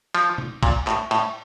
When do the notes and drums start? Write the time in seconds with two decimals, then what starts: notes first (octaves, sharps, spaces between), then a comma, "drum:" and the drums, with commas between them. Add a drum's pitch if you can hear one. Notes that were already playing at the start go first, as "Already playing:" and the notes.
0.15 F3, drum: cymbal
0.38 drum: tom
0.63 A#2, drum: kick A#1, cymbal
0.87 A2, drum: clap
1.11 A2, drum: cymbal